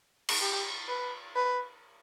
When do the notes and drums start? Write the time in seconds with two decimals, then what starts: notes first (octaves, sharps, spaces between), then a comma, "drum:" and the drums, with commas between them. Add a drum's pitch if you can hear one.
0.29 drum: cymbal
0.41 G4
0.89 B4
1.36 B4